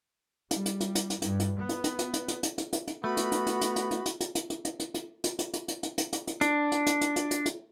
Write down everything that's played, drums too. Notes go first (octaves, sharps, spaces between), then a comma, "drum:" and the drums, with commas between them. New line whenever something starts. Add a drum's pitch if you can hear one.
G3, drum: hi-hat
drum: hi-hat
drum: hi-hat
drum: hi-hat
drum: hi-hat
G2, drum: hi-hat
drum: hi-hat
B3
drum: hi-hat
drum: hi-hat
drum: hi-hat
drum: hi-hat
drum: hi-hat
drum: hi-hat
drum: hi-hat
drum: hi-hat
drum: hi-hat
A3 B3 F#4 B5
drum: hi-hat
drum: hi-hat
drum: hi-hat
drum: hi-hat
drum: hi-hat
drum: hi-hat
drum: hi-hat
drum: hi-hat
drum: hi-hat
drum: hi-hat
drum: hi-hat
drum: hi-hat
drum: hi-hat
drum: hi-hat
drum: hi-hat
drum: hi-hat
drum: hi-hat
drum: hi-hat
drum: hi-hat
drum: hi-hat
drum: hi-hat
D4, drum: hi-hat
drum: hi-hat
drum: hi-hat
drum: hi-hat
drum: hi-hat
drum: hi-hat
drum: hi-hat